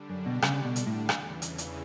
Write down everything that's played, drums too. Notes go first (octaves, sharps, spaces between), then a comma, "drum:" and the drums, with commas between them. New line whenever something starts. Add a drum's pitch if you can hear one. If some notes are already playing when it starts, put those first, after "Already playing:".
Already playing: D3 G3 D4
F#2
B2
C#3, drum: rim click
B2
drum: hi-hat
A2
E2 C#3 E3, drum: rim click
drum: hi-hat
drum: hi-hat